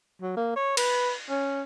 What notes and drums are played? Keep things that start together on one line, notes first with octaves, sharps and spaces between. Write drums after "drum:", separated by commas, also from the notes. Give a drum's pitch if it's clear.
F#3
A#3
C#5
B4, drum: cymbal
C#4